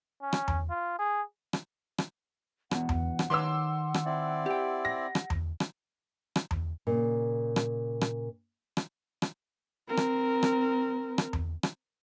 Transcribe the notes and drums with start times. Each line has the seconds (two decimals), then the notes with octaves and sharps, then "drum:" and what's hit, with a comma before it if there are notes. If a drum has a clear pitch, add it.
0.22 C#4
0.33 drum: rim click
0.48 drum: tom E2
0.70 F4
0.99 G#4
1.53 drum: rim click
1.98 drum: rim click
2.71 E2 B2 F#5, drum: rim click
2.89 drum: tom E2
3.19 drum: rim click
3.30 D#3 B4 C#5 C6 D6 E6
3.94 drum: rim click
4.05 C4 E4 D5
4.46 G4 G5
4.85 A#6
5.15 drum: rim click
5.30 drum: tom E2
5.60 drum: rim click
6.36 drum: rim click
6.51 drum: tom E2
6.87 A#2 C#3
7.56 drum: rim click
8.01 drum: rim click
8.77 drum: rim click
9.22 drum: rim click
9.88 C4 A#4
9.97 drum: rim click
10.43 drum: rim click
11.18 drum: rim click
11.33 drum: tom E2
11.63 drum: rim click